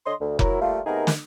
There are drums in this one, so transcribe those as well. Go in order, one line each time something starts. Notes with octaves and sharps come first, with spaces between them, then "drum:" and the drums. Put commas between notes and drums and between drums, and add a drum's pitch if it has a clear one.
D3 C#5 D#5 C6
D2
F#3 E4 A#4, drum: kick F1
G3 A3 A#3 F4
C3 A3 B3 D#4 G#4 A#4
drum: snare